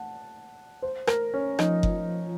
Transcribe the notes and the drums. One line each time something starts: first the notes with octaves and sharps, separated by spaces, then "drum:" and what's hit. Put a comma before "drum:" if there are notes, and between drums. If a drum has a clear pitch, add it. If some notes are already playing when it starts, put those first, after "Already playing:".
Already playing: F#5 A5
C5
A#4, drum: rim click
C#4
F3 D#4, drum: rim click
drum: kick F#1